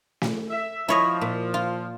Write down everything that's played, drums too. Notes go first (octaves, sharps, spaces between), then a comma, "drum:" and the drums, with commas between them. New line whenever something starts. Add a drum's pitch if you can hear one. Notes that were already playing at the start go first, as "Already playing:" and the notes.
drum: snare
E5
F3 E4 C#5 D#5
A#2
F4